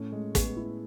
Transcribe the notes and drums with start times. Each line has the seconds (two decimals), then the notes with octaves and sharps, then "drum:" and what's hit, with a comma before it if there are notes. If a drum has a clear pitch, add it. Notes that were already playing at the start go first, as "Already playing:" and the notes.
Already playing: A2 C#4
0.12 G#3
0.35 B3, drum: kick, hi-hat
0.57 E4